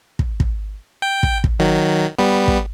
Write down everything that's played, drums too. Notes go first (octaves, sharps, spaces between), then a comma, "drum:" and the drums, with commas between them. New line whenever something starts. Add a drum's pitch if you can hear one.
drum: kick
drum: kick
G5
drum: kick
drum: kick
D#3 F#3
G3 B3
drum: kick